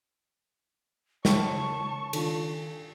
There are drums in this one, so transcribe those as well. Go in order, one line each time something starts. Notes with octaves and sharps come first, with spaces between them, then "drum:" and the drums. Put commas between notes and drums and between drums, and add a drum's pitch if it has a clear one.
C#3 C#5 A5 C#6, drum: snare
D#3 D4 F4 A4, drum: cymbal